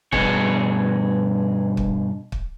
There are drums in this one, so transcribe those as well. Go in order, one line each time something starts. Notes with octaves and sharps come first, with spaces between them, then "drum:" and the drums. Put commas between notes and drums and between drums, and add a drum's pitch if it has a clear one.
G2 B2 G#4 C#5, drum: kick
drum: kick
drum: kick